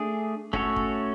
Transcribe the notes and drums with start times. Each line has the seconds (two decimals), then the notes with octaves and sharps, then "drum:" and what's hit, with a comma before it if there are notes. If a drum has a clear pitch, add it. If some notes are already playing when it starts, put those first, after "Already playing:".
Already playing: A3 D4 G#4
0.53 A3 C#4 F#4 A4 C#5, drum: kick
0.76 drum: kick